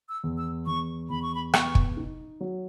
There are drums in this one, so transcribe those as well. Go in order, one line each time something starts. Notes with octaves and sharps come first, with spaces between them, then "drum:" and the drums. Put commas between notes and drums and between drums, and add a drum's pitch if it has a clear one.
E6
E2
E6
E2 C#6
E2 B5
C#6
B5
B3 C#6, drum: rim click
drum: kick
D#4
F#3